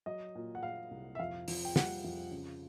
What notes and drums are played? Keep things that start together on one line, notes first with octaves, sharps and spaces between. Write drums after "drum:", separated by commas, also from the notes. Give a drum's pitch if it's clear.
F#3 D#5
A#2
F#5
A#2 F5
C2
E5
F2 F5
F2, drum: open hi-hat
G5
G3 F#5, drum: snare
F2
C#3